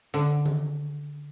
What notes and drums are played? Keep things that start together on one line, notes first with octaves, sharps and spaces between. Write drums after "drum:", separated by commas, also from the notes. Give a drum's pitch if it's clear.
D3, drum: hi-hat
drum: tom D#3